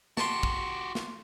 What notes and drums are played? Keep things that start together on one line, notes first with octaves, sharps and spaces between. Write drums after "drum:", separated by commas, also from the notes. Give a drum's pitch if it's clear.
F#4 G4 A5 C6, drum: snare
drum: kick
drum: snare